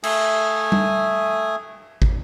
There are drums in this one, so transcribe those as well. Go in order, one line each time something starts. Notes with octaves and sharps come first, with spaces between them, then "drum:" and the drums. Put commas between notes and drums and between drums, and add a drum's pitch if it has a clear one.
A3 E5 G#5 D#6, drum: cymbal
drum: tom G3
drum: kick